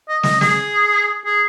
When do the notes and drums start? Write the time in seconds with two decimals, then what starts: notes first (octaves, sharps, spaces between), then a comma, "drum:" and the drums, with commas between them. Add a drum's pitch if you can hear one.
0.09 D#5
0.23 D#5, drum: snare
0.41 G#4, drum: snare
1.25 G#4